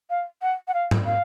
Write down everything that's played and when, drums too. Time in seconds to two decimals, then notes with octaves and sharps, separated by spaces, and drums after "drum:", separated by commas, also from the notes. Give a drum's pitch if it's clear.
0.10 F5
0.42 F#5
0.68 F#5
0.74 F5
0.91 drum: tom G#2
1.06 F5